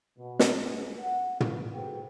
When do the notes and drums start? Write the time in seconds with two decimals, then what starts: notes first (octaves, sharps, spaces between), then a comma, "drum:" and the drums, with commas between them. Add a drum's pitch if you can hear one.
0.19 B2
0.39 drum: snare
0.62 G1 C#2 B2 D3 G#3 C#4
1.00 F#5
1.40 B3, drum: tom
1.74 F#4 G#4 A4 B4 C5 G5